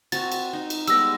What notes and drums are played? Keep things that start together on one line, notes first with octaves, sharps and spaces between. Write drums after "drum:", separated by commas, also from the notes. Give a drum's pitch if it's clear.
C4 F#4 A#5 A6, drum: cymbal
drum: cymbal
D#4
drum: cymbal
G3 G#3 B3 E6 A#6, drum: cymbal